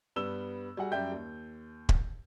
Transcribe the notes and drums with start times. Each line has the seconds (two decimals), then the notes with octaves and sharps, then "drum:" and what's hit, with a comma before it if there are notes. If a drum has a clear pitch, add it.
0.16 G2 G3 B3 E6 E7 G7
0.77 G3 F#4 G#4 F#5
0.92 F#2 G3 D5 E5 G5 G6
1.12 D#2
1.89 drum: kick